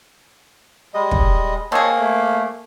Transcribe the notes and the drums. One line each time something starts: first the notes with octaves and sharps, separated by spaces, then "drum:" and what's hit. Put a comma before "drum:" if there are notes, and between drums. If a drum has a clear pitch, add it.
G3 G#3 D#5
drum: kick
A#3 C4 G#4 C#5 D#5 A5
A3